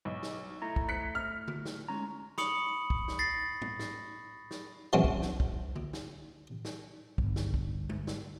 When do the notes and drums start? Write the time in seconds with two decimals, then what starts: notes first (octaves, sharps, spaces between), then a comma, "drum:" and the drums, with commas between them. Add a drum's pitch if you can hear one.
0.05 B1
0.23 drum: snare
0.62 A3 E4 A#5
0.76 drum: kick
0.88 F#6 B6 C#7
1.15 F6
1.48 drum: tom D3
1.65 drum: snare
1.88 G#3 C#4 A#5
2.38 B5 C#6 D#6 C#7 F#7, drum: snare
2.90 drum: kick
3.08 drum: snare
3.19 A6 A#6 C7
3.62 drum: tom G#2
3.79 drum: snare
4.51 drum: snare
4.93 E3 F#3 G#3 C4 C#4
5.04 drum: kick
5.22 drum: snare
5.40 drum: kick
5.76 drum: tom D3
5.93 drum: snare
6.65 drum: snare
7.18 G1, drum: kick
7.36 drum: snare
7.54 drum: kick
7.89 drum: tom G#3
8.07 drum: snare